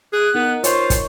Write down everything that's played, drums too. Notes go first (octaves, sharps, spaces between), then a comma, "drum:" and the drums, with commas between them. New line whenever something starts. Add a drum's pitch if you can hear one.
G#4 F#6
B3 D#4 A#4
F4 C5 C#5, drum: hi-hat
drum: kick, hi-hat